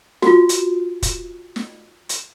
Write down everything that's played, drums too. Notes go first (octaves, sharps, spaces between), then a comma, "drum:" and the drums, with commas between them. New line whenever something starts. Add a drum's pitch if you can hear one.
F4 F#4, drum: snare
drum: hi-hat
drum: kick, hi-hat
drum: snare
drum: hi-hat